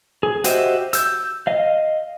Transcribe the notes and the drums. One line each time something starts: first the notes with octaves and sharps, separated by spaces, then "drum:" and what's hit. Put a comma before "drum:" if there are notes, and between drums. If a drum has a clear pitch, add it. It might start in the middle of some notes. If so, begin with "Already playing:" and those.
G#4
F#4 G4 C5 D#5 E5, drum: hi-hat
E6 G6, drum: hi-hat
D#5 F5